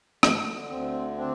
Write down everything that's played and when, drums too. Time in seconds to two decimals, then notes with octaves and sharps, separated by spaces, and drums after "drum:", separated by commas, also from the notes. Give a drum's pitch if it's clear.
0.23 D3, drum: rim click
0.70 D2 C4
1.18 C4 D4